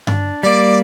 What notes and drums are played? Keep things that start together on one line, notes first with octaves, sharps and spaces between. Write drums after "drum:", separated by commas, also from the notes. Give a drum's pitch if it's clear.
D4, drum: tom G2
G3 A#3 D5